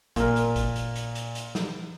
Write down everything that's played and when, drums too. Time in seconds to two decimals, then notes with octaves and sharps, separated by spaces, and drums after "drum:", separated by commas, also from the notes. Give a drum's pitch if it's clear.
0.16 A#2 A#4, drum: kick G#1, hi-hat
0.36 drum: hi-hat
0.56 drum: kick G#1, hi-hat
0.76 drum: hi-hat
0.96 drum: hi-hat
1.15 drum: hi-hat
1.35 drum: hi-hat
1.55 drum: snare